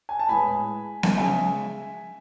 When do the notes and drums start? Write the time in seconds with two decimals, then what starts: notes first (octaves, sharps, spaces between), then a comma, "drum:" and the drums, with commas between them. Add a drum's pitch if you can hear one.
0.09 G#5
0.19 A5
0.29 A2 G#3 B3 G#5 B5
1.03 drum: snare B3
1.17 C#3 G#3 C#4 E5 G#5